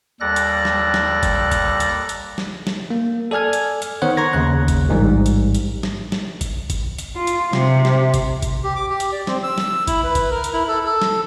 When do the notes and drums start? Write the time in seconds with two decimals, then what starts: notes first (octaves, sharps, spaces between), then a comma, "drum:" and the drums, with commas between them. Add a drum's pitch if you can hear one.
0.21 D#2 G3 A4 D5 F#6 A#6
0.36 drum: hi-hat
0.65 drum: snare
0.94 drum: snare
1.23 drum: kick, hi-hat
1.51 drum: kick, hi-hat
1.80 drum: hi-hat
2.09 drum: hi-hat
2.38 drum: snare
2.67 drum: snare
2.90 A#3
3.31 A4 D5 G#5 F6 G#6
3.53 drum: hi-hat
3.82 drum: hi-hat
4.02 D#3 B3 C5 C#5 F#5 F#6
4.17 A#5 C6 C#6 G#6 A#6
4.33 D#2 C#3 F#6
4.68 drum: kick, hi-hat
4.89 A1 G#2 G3
5.26 drum: hi-hat
5.55 drum: hi-hat
5.83 drum: snare
6.12 drum: snare
6.41 drum: kick, hi-hat
6.70 drum: kick, hi-hat
6.99 drum: hi-hat
7.15 F4
7.27 drum: hi-hat
7.53 C3, drum: snare
7.85 drum: snare
8.14 drum: kick, hi-hat
8.42 drum: kick, hi-hat
8.64 G4
8.76 D6
8.89 G4
9.00 drum: hi-hat
9.12 D5
9.27 C4, drum: snare
9.43 E6
9.58 drum: snare
9.87 E4, drum: kick, hi-hat
10.04 B4
10.15 drum: kick, hi-hat
10.31 A#4
10.44 drum: hi-hat
10.53 E4
10.68 A4
10.86 A4
11.02 drum: snare